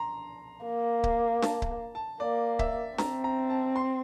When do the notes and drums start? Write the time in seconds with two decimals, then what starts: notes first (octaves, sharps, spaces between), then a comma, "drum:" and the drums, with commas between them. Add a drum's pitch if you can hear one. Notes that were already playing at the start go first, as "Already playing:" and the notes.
Already playing: A#5 C6
0.65 A#3
1.04 drum: kick C#1
1.42 A5, drum: snare D4
1.62 drum: kick C#1
1.95 A5
2.20 A#3 D5
2.59 E5, drum: kick C#1
2.98 C4 A#5, drum: snare D4
3.24 A#5
3.50 A5
3.76 C6